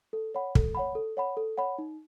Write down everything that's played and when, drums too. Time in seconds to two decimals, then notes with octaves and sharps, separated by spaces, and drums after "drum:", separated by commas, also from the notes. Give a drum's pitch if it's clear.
0.13 A4
0.35 C#5 F#5 B5
0.55 A4, drum: kick
0.75 C#5 F#5 B5
0.95 A4
1.17 C#5 F#5 B5
1.37 A4
1.58 C#5 F#5 B5
1.78 D#4